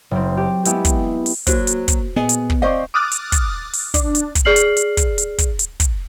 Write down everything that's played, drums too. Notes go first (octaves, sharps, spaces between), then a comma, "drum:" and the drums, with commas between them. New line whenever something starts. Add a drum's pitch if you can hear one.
F#1 C4
G4
G#3 B3 E4 G4, drum: hi-hat
drum: kick, hi-hat
drum: open hi-hat
F#3 A#3 F#4 C5, drum: kick, hi-hat
drum: hi-hat
drum: kick, hi-hat
A#2 B3 G#4 D#5
drum: hi-hat
drum: kick
C4 C5 D5 D#5 F5 C#6 D6
D6 D#6 F6 F#6 A6
drum: hi-hat
drum: kick, hi-hat
drum: open hi-hat
D4, drum: kick, hi-hat
drum: hi-hat
drum: kick, hi-hat
G#4 D5 F6 C7 F#7
drum: hi-hat
drum: hi-hat
drum: kick, hi-hat
drum: hi-hat
drum: kick, hi-hat
drum: hi-hat
drum: kick, hi-hat